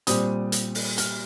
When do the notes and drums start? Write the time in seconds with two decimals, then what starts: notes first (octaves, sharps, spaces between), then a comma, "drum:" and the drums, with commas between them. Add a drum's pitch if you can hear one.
0.07 A#2 G3 C4 D#6, drum: hi-hat
0.52 drum: hi-hat
0.75 drum: open hi-hat
0.98 F6, drum: hi-hat